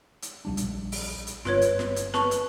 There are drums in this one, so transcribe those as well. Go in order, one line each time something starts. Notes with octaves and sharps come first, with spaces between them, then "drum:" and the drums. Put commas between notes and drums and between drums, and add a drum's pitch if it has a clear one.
drum: hi-hat
A#1 G3 D4
drum: hi-hat
drum: open hi-hat
drum: hi-hat
G1 F4 B4 C#5, drum: snare
drum: hi-hat
drum: snare
drum: hi-hat
B4 A5 C#6, drum: snare
drum: hi-hat